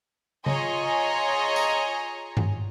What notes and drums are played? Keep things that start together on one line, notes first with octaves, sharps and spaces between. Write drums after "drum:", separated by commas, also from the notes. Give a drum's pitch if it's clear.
F4 G#4 C#5 D#5 G#5 A#5, drum: tom C#3
drum: tambourine
drum: tom G2